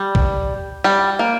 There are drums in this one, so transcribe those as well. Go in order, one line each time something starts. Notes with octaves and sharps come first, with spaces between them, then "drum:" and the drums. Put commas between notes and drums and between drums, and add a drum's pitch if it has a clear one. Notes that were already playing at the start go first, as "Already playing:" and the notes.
Already playing: G3
drum: kick B1
G3
A#3